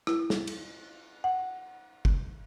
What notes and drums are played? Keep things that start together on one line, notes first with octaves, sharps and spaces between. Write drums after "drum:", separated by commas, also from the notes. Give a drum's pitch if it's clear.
E4, drum: rim click
drum: snare
drum: cymbal
F#5
drum: kick